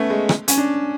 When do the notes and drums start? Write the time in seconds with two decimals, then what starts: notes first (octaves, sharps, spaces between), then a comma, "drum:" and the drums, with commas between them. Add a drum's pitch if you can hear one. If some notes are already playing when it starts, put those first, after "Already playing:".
Already playing: A3 B3 C#4
0.10 G#3
0.29 drum: rim click
0.48 C#4, drum: hi-hat
0.58 D4